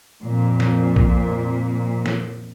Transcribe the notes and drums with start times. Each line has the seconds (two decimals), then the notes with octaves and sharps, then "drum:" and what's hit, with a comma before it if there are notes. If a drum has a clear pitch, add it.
0.23 F2 A#2
0.60 drum: snare
0.96 drum: kick
2.06 drum: snare